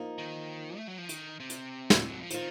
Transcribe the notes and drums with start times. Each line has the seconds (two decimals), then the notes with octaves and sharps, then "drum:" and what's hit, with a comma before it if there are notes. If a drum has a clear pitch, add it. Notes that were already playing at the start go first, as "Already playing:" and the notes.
Already playing: F3 A#3 D#4
0.19 D#3
0.77 A3
0.88 F#3
0.98 F3
1.09 D#3, drum: hi-hat
1.40 C3
1.50 drum: hi-hat
1.90 drum: snare
2.09 F#3
2.20 F3
2.30 D#3 F3 C4 F4, drum: hi-hat